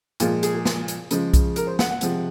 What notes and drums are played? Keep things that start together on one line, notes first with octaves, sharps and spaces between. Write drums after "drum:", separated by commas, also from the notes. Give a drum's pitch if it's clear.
A#2 F3 G#3 F4, drum: hi-hat
G#4, drum: hi-hat
G#4
drum: snare
drum: hi-hat
C#3 F3 G#3, drum: hi-hat
drum: kick B1, hi-hat
A#4, drum: hi-hat
C5
F#5, drum: snare
F#5
C3 F3 G#3, drum: hi-hat